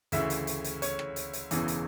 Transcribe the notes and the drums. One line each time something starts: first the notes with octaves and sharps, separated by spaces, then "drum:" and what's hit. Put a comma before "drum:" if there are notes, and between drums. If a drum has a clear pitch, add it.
D2 C#3 E3 E5, drum: hi-hat
drum: hi-hat
drum: hi-hat
drum: hi-hat
C#5, drum: hi-hat
drum: rim click
drum: hi-hat
drum: hi-hat
E1 E2 C#3 E3, drum: hi-hat
drum: hi-hat